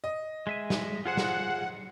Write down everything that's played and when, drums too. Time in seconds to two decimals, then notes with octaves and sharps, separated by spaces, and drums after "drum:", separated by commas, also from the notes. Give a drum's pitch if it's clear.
0.04 D#5
0.47 G#3 E5 G#5
0.70 drum: snare
1.06 F4 G#4 C5 F#5
1.17 drum: snare